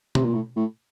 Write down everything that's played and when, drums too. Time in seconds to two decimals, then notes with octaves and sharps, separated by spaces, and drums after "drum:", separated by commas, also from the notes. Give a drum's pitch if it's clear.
0.15 C3, drum: tom B2
0.25 A#2
0.34 A2
0.56 A2